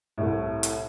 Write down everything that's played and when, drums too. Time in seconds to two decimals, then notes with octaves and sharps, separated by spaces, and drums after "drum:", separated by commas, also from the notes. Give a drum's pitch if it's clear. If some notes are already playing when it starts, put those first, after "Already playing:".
0.18 C2 A2
0.63 drum: hi-hat